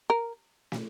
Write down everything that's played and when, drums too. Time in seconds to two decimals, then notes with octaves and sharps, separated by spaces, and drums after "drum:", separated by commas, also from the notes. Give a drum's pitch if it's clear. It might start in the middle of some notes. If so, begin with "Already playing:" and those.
0.10 A#4
0.72 drum: snare